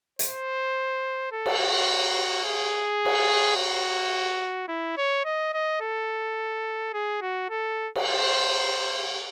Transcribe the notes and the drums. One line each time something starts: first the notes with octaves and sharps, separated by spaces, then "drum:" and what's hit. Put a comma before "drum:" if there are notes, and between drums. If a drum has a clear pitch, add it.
C5, drum: hi-hat
A4
drum: cymbal
F#4
G#4
drum: cymbal
F#4
E4
C#5
D#5
D#5
A4
G#4
F#4
A4
drum: cymbal
C5